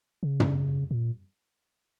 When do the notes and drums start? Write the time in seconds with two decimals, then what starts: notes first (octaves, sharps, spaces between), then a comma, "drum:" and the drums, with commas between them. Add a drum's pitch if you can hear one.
0.23 C#3
0.40 drum: tom
0.91 A#2